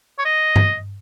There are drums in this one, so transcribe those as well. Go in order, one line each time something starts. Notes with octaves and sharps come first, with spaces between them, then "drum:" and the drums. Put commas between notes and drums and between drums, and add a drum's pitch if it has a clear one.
C#5
D#5
drum: tom G2